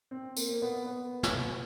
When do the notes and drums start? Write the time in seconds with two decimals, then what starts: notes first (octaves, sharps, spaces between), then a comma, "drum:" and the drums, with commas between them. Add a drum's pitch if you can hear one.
0.11 C4
0.37 A#3, drum: tambourine
0.50 A#3
0.62 B3
0.86 B3
1.23 drum: snare